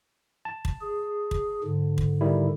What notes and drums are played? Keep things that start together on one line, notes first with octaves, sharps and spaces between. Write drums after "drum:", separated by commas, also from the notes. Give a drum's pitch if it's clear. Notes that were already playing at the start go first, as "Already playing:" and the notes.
A5
drum: kick
G#4
drum: kick
G#2 D3
drum: kick
D#3 G3 E4